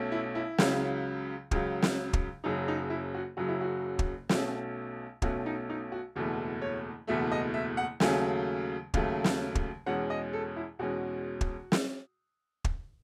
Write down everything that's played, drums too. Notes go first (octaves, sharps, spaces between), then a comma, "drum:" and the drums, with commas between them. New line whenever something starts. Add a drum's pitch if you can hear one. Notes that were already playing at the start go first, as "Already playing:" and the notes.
Already playing: B1 B2 A3 C#4
E4
E4
C#2 C#3 F#3, drum: snare
C#2 C#3 F#3, drum: kick
drum: snare
drum: kick
F#1 F#2 C#3 F#3 D#4
D#4
E4
F#4
F#1 F#2 C#3 F#3 F#4
E4
F#4
drum: kick
B1 B2 A3 C#4, drum: snare
B1 B2 A3 C#4 F#4, drum: kick
D#4
D#4
F#4
F#1 E2 B2 A3
C#5
F#1 E2 B2 A3 E5
D#5
E5
F#5
D#2 C#3 F#3 A3 G#5, drum: snare
D#2 C#3 F#3 A3, drum: kick
drum: snare
drum: kick
E2 B2 G#3 C#4 F#5
D#5
A4
E4
E2 B2 G#3 C#4 F#4
drum: kick
drum: snare
drum: kick